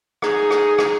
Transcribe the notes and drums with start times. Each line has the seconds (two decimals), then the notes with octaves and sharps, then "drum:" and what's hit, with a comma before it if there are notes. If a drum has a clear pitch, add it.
0.22 F#3 D#4 G#4, drum: rim click
0.36 A#2
0.51 A#2, drum: rim click
0.65 A#3
0.78 F#3, drum: rim click